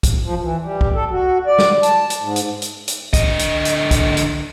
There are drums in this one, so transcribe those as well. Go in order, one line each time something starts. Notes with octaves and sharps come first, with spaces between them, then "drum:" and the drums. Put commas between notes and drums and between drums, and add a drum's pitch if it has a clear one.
drum: kick, hi-hat
F3
E3
G3
drum: kick
A4
F#4
D5
drum: snare
A5, drum: hi-hat
drum: hi-hat
G#2
drum: hi-hat
drum: hi-hat
drum: hi-hat
D3 D#5, drum: kick, hi-hat
drum: hi-hat
drum: hi-hat
drum: kick, hi-hat
drum: hi-hat